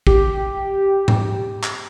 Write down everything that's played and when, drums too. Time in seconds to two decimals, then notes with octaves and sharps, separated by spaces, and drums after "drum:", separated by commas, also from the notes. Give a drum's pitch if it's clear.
0.07 G4, drum: kick A1
1.08 drum: tom G#2
1.64 drum: clap